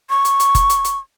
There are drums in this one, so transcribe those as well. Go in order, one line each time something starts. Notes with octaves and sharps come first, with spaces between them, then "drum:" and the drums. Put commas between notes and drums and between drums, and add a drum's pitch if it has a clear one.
C#6
drum: hi-hat
drum: hi-hat
drum: kick F#1, hi-hat
drum: hi-hat
drum: hi-hat